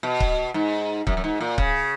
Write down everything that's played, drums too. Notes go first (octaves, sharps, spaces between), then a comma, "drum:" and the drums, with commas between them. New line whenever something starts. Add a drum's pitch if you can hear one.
B2
drum: kick C#1
G#2
F#2, drum: kick C#1
F#2
G#2
A#2
C#3, drum: kick C#1